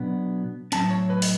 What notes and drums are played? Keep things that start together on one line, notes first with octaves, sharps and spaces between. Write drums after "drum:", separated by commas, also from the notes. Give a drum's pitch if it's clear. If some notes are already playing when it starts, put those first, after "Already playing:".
Already playing: B2 F#3 B3 D4
A2 F#3 C#4 A5, drum: hi-hat
C#5
B4
drum: open hi-hat